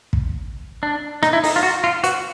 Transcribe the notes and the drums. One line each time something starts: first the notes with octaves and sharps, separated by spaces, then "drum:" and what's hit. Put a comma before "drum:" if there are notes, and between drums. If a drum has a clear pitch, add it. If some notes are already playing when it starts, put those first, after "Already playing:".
drum: kick
D4
D#4, drum: rim click
E4
D#4, drum: open hi-hat
F4
F#4
F4
F#4, drum: hi-hat